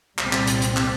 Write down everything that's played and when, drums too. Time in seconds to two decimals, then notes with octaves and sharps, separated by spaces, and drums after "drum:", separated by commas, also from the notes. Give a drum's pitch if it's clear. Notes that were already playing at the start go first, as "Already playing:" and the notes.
0.18 C2 A#2 G3 C4, drum: clap
0.33 drum: clap
0.47 drum: hi-hat
0.62 drum: hi-hat
0.76 drum: clap